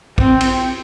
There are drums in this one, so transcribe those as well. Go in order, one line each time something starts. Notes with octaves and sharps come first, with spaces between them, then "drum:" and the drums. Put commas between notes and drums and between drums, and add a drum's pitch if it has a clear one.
C4, drum: kick
drum: cymbal